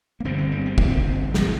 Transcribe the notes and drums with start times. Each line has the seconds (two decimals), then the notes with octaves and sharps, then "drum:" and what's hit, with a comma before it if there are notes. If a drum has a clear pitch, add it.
0.20 A#3
0.25 G1 G2 D3 C4
0.38 C4
0.52 G3
0.66 C4
0.78 A#3, drum: kick
0.90 C4
1.34 C2 A#2, drum: snare